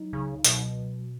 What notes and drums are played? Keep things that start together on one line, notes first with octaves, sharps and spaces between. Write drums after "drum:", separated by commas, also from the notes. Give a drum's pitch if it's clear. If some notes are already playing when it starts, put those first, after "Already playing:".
Already playing: F#3 D#4
C#2 C#3
B2 F#3, drum: hi-hat